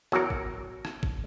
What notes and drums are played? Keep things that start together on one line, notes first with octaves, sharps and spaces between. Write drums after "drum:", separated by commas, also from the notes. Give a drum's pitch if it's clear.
E2 F#3 F#4 A#4, drum: rim click
drum: kick
drum: rim click
drum: kick